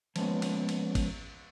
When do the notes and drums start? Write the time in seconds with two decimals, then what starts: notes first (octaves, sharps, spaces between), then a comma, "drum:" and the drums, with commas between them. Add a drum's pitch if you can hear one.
0.16 F3 G#3 A#3 B3 C#4, drum: cymbal
0.42 drum: cymbal
0.69 drum: cymbal
0.95 drum: kick G#1, cymbal